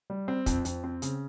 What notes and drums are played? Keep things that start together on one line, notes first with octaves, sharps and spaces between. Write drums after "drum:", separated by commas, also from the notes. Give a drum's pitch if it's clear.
G3
C4
F2, drum: kick, hi-hat
F2, drum: hi-hat
C4
C#3, drum: hi-hat